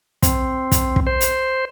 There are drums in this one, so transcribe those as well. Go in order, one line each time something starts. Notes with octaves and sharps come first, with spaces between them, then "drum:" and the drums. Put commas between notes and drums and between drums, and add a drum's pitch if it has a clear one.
C4, drum: kick, hi-hat
drum: kick, hi-hat
drum: kick
C5
drum: hi-hat